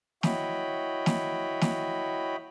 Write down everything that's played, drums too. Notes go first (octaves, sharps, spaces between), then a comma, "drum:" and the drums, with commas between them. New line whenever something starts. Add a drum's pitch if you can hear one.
E4 F#4 C#5 D#5 G5 B5, drum: snare
drum: snare
drum: snare